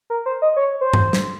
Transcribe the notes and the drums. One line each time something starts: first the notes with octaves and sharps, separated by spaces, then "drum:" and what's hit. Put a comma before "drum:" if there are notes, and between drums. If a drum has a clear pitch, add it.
A#4
C5
D#5
C#5
C5
drum: tom G2
drum: snare